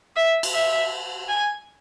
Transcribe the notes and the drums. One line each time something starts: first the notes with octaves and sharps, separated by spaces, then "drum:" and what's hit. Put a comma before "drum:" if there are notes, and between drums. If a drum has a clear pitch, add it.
E5
drum: cymbal
E5
G#5